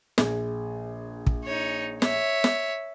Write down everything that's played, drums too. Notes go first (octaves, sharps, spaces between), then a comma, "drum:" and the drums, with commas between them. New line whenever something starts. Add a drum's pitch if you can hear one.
A#1 G#4, drum: snare
drum: kick
D#4 C#5
C#5 E5, drum: snare
drum: snare